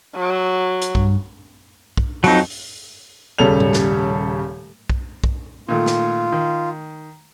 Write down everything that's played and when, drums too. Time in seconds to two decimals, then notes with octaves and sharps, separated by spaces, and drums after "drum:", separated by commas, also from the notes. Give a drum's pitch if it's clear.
0.16 F#3
0.82 drum: hi-hat
0.95 G2, drum: kick
1.97 drum: kick
2.24 F2 F#3 D#4, drum: open hi-hat
2.50 drum: open hi-hat
3.38 D#1 C#3 G3 A4 C#5 F7
3.60 drum: tom G#2
3.73 drum: snare
4.90 drum: kick
5.24 drum: kick
5.69 A#2 D#3 A3 F4
5.86 drum: snare
6.32 D#3